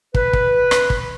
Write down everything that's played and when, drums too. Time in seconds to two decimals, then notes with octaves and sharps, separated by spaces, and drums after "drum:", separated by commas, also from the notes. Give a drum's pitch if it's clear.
0.15 B4, drum: kick
0.33 drum: kick
0.71 drum: rim click
0.90 drum: kick